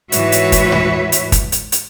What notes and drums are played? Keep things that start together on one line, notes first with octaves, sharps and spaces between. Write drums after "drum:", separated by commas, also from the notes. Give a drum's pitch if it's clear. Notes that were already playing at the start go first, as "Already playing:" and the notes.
G#2 E3 F#4 B4 C#5 E5, drum: hi-hat
drum: hi-hat
drum: kick, hi-hat
drum: tom
drum: hi-hat
drum: kick, hi-hat
drum: hi-hat
drum: hi-hat